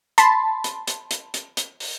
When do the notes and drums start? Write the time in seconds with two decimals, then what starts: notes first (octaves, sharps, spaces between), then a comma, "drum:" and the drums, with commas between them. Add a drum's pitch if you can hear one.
0.18 A5 B5 C6, drum: hi-hat
0.64 drum: hi-hat
0.87 drum: hi-hat
1.11 drum: hi-hat
1.34 drum: hi-hat
1.57 drum: hi-hat
1.80 drum: open hi-hat